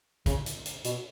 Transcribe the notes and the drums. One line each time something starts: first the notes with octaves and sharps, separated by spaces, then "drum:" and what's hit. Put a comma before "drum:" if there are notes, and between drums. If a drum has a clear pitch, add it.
C#3, drum: kick, hi-hat
drum: hi-hat
drum: hi-hat
B2, drum: hi-hat